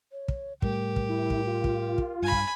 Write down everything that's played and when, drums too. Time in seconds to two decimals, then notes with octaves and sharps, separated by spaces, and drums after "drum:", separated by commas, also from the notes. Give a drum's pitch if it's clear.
0.12 C#5
0.28 drum: kick
0.62 A2 G3 A3 G4 A#4, drum: kick
0.96 drum: kick
1.09 E4
1.30 drum: kick
1.47 F4
1.64 drum: kick
1.98 drum: kick
2.22 G2 G#5 B5
2.32 drum: kick